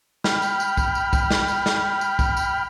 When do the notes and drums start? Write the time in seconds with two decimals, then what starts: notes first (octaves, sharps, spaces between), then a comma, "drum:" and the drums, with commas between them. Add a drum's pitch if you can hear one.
0.24 G5 B5 F6, drum: snare
0.42 drum: tambourine
0.60 drum: tambourine
0.77 drum: kick, tambourine
0.95 drum: tambourine
1.13 drum: kick, tambourine
1.31 drum: snare
1.48 drum: tambourine
1.66 drum: snare
2.01 drum: tambourine
2.19 drum: kick, tambourine
2.37 drum: tambourine